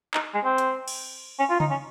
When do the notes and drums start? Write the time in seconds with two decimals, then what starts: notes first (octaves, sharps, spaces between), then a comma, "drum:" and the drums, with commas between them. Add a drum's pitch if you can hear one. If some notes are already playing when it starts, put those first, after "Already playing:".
0.14 D#4, drum: clap
0.34 G#3
0.45 C4
0.58 drum: hi-hat
0.88 drum: cymbal
1.39 C#4
1.50 F4
1.60 D#4, drum: tom C#3
1.71 C#4